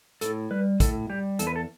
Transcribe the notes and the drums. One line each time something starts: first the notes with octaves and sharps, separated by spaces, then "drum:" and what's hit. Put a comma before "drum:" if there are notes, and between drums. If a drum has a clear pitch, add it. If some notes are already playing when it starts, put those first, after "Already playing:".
A2 A4, drum: hi-hat
G3 B4
A2 A4, drum: kick, hi-hat
G3 G4
E2 A4, drum: hi-hat
B4
A4